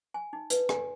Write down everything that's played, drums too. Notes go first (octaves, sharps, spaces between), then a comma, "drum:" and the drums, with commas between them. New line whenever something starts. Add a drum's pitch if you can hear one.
G#5
D#4
B4, drum: hi-hat
G#5, drum: rim click